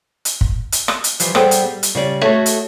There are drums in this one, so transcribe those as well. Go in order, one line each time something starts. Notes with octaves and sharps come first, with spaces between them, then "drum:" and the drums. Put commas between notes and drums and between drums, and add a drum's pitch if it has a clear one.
drum: hi-hat
drum: kick
drum: hi-hat
drum: rim click
drum: hi-hat
E3 F3 G3, drum: hi-hat
G3 B3 G#4 A4 C5 G5, drum: rim click
drum: hi-hat
G3
drum: hi-hat
C#3 G3 D5
A3 F#4 G#4 A4 C#5 E5
drum: hi-hat